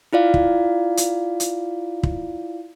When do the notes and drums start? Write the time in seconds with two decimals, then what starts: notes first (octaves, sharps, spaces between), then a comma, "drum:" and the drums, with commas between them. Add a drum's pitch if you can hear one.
0.13 E4 F4 D5 F5
0.34 drum: kick
0.97 drum: hi-hat
1.40 drum: hi-hat
2.03 drum: kick